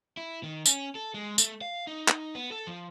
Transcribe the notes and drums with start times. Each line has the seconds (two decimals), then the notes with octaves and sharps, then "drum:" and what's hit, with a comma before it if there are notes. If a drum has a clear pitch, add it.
0.17 E4
0.43 D#3
0.66 C#4, drum: tambourine
0.95 A4
1.14 G#3
1.38 A3, drum: tambourine
1.61 F5
1.87 D#4
2.08 drum: clap
2.35 B3
2.52 A4
2.67 F3